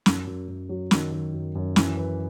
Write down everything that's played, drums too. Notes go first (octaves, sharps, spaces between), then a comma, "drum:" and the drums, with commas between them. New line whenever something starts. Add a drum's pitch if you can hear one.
F#2, drum: snare
F#2
F#2
F#3
D#3, drum: snare
D#3
F#2
F#2
E3, drum: snare
B4